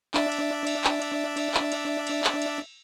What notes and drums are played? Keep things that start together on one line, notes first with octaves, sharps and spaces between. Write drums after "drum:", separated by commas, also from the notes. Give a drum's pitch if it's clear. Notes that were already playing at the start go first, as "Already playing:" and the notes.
D4 D5 E5, drum: clap
drum: cymbal
drum: cymbal
drum: clap
drum: cymbal
drum: cymbal
drum: clap
drum: cymbal
drum: cymbal
drum: clap
drum: cymbal